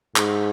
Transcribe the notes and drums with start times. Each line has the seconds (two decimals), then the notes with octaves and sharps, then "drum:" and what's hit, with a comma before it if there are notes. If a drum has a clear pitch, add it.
0.16 G#2, drum: clap